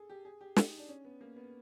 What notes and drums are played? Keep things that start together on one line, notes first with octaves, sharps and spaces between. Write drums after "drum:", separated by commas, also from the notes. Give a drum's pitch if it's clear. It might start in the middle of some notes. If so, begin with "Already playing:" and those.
Already playing: G#4 A4
G4
G#4
G4
G4, drum: snare
D#4
D4
C#4
B3
A#3
B3